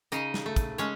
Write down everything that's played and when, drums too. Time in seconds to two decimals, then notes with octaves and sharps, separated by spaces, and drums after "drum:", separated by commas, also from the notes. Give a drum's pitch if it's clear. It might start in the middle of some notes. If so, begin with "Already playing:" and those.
0.12 C#3 D#4 D#5, drum: hi-hat
0.34 drum: snare
0.46 A3
0.56 drum: kick, hi-hat
0.78 G#3 C#4 C#5, drum: hi-hat